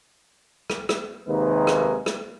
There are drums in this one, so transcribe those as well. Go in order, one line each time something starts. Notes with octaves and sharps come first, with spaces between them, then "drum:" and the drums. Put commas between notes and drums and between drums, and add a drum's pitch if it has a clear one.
drum: rim click
drum: rim click
D#2 C3 D#3 G#3 A#3 B4
drum: rim click
drum: rim click